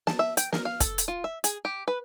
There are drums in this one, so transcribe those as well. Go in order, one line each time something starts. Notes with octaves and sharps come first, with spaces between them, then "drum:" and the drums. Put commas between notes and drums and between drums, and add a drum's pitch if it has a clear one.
A5, drum: snare
E5
G5, drum: hi-hat
A#4, drum: snare
F5
A4, drum: kick, hi-hat
drum: hi-hat
F4
E5
G#4, drum: hi-hat
G4
B4